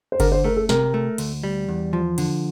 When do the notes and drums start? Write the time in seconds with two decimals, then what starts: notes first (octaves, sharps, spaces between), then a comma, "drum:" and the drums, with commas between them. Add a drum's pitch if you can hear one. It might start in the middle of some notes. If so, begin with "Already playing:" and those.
0.12 C5
0.20 D3 A#4, drum: kick G1, cymbal
0.32 C5
0.44 A3 A#4
0.57 A4
0.69 C3 A#4, drum: snare
0.94 A3
1.18 D2, drum: cymbal
1.44 G3
1.69 E2
1.93 F3
2.18 D3, drum: cymbal